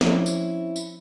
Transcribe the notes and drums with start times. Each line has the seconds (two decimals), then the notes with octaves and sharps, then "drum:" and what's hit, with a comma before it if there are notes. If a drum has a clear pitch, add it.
0.01 F3 C4 C#4 E4, drum: snare
0.26 drum: tambourine
0.76 drum: tambourine